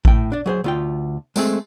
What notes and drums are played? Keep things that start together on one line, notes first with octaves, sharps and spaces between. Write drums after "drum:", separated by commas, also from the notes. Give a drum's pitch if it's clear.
A2 G5, drum: kick A1
D4 D5
F#3 G#4 C5
D2 F4 G5
G#3 A3 C4 G#4, drum: tambourine